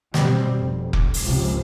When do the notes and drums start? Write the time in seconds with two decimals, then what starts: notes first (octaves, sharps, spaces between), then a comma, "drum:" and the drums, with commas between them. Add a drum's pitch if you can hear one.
0.14 B2 G3 C4, drum: snare
0.54 F1
0.93 drum: kick F1
1.14 drum: open hi-hat
1.24 C#2 G#2 C3 F3